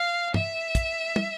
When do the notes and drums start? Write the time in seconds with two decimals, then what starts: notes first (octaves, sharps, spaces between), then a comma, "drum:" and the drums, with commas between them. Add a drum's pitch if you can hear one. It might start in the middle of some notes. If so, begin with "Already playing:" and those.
Already playing: F5
0.34 E5, drum: tom
0.75 drum: kick, hi-hat
1.16 drum: tom